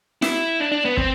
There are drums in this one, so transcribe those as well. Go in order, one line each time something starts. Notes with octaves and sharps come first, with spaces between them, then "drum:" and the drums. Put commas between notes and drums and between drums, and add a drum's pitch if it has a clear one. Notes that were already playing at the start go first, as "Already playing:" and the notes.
E4, drum: snare
D4
D4
B3
C4, drum: kick